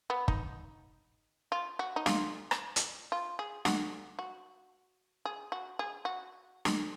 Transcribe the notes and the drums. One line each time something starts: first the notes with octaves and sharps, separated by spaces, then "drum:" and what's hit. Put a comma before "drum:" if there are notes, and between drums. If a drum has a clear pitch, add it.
B3
D#4, drum: kick
F4
F#4
D#4
F4, drum: snare
drum: rim click
drum: hi-hat
F4
G#4
F#4, drum: snare
F#4
G#4
F#4
G#4
F#4
drum: snare